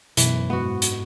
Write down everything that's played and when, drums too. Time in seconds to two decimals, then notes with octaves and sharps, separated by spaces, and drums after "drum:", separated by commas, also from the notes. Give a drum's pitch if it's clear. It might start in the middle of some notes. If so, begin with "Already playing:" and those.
0.17 F#2 B2 E3, drum: hi-hat
0.33 F#2
0.50 G#2 B3 F#4
0.66 G#2
0.82 drum: hi-hat